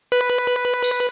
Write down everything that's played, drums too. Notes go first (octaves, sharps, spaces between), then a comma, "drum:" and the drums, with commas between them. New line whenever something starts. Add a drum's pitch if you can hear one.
B4
drum: tambourine